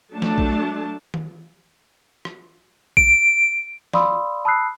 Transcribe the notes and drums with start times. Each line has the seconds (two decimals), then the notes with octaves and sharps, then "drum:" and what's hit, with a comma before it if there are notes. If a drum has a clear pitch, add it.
0.13 F#3 A3 D4 A5
0.22 drum: snare
0.38 drum: kick B1
1.14 drum: tom
2.25 drum: rim click
2.97 D7, drum: kick B1
3.93 D5 F5 B5 C6 D#6 E6, drum: snare
4.45 A5 B5 D#6 E6 F#6 C7